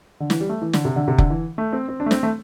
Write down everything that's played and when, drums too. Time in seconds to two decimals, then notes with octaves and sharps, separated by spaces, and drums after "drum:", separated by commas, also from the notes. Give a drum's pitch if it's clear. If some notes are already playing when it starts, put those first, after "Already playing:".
0.20 D3
0.30 E3, drum: snare
0.41 G3
0.49 A3
0.61 E3
0.73 D3, drum: snare
0.85 C3
0.96 D3
1.08 C3
1.18 D3, drum: kick F1
1.30 E3
1.58 A3
1.73 C4
1.88 C4
2.00 D4
2.06 A3
2.11 C4, drum: snare
2.23 A3